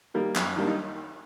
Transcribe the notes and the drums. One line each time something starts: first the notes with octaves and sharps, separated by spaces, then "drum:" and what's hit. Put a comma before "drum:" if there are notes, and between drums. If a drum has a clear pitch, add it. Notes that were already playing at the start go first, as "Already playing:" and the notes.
D#3 G3 A#3
F#2, drum: clap
D#3 G3 A#3 D4
D#4